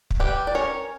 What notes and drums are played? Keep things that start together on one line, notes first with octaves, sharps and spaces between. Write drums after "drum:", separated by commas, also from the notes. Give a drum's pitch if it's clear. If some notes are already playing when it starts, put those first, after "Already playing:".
drum: kick
G3 G4 B4
D5
C#4 A#4 C#5